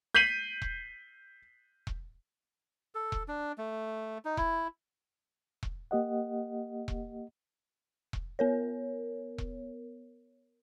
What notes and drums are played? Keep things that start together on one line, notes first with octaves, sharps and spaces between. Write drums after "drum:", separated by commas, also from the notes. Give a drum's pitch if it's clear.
G6 B6 C7 D#7 F#7
drum: kick E1
drum: kick E1
A4
drum: kick E1
D4
A3
D#4
E4, drum: kick E1
drum: kick E1
A#3 G4 D#5 F#5
drum: kick E1
drum: kick E1
B3 A#4 C#5
drum: kick E1